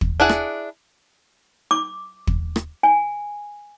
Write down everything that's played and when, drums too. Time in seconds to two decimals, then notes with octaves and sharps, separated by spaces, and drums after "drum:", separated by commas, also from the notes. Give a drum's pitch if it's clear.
0.01 drum: kick
0.20 D4 E4 G#4 F#5
0.29 drum: rim click
1.71 D6
2.27 drum: kick
2.56 drum: rim click
2.83 G#5